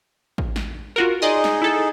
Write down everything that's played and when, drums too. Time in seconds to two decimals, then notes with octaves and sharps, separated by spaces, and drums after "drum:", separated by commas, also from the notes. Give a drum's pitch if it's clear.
0.38 drum: kick A1
0.56 drum: snare
0.96 F4 F#4 A#4
1.22 D#4 G#4 D5 D#5 C6
1.44 drum: snare
1.62 E4 A4